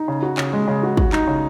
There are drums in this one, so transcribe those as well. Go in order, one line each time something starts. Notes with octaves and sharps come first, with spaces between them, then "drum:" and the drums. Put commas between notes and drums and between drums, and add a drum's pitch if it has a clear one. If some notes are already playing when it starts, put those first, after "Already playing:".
Already playing: D#4
C#3
F#4
C#3, drum: clap
G#3
C#3
F#4
F#4, drum: kick
D#4, drum: clap
C#3